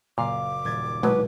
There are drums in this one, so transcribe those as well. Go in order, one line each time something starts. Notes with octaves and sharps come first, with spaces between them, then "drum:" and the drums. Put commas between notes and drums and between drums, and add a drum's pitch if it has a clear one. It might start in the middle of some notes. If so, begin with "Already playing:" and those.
F#1 A#2 F5 D6
D#1 G#6 A6
B2 F#3 B4, drum: tom G#3